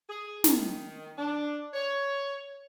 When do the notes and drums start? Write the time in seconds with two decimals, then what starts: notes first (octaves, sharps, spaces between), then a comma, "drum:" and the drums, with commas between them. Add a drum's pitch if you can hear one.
0.09 G#4
0.44 D#3, drum: snare
1.18 D4
1.74 C#5